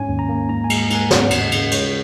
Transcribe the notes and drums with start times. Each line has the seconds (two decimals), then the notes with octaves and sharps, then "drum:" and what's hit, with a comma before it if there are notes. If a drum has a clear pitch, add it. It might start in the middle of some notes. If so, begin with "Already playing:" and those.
Already playing: G#2 C#4 G#5
0.08 D#2
0.19 A#5
0.29 A#3
0.49 G#2 A#5
0.64 G#5
0.70 G#3, drum: cymbal
0.79 A#5
0.90 G#2 G#5, drum: cymbal
1.11 C#3 F#5, drum: snare
1.30 D#2, drum: cymbal
1.41 D#5
1.52 C#3, drum: cymbal
1.71 G#3 C#5, drum: cymbal